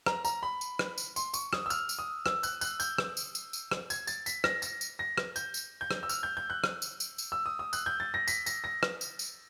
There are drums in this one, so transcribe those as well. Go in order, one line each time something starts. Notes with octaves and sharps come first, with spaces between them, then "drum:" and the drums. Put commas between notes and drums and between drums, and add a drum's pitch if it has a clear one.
A#5, drum: rim click
A#5, drum: tambourine
B5
drum: tambourine
drum: rim click
drum: tambourine
C6, drum: tambourine
C#6, drum: tambourine
D#6, drum: rim click
E6
F6, drum: tambourine
drum: tambourine
D#6
E6, drum: rim click
F#6, drum: tambourine
F#6, drum: tambourine
G6, drum: tambourine
drum: rim click
drum: tambourine
drum: tambourine
drum: tambourine
drum: rim click
G#6, drum: tambourine
A6, drum: tambourine
B6, drum: tambourine
A#6, drum: rim click
A#6, drum: tambourine
drum: tambourine
A#6
drum: rim click
G6, drum: tambourine
drum: tambourine
G6
drum: rim click
E6
F6, drum: tambourine
G6
G6
F#6
drum: rim click
drum: tambourine
drum: tambourine
drum: tambourine
E6
D#6
D#6
F#6, drum: tambourine
G6
A6
A#6
B6, drum: tambourine
A#6, drum: tambourine
A#6
drum: rim click
drum: tambourine
drum: tambourine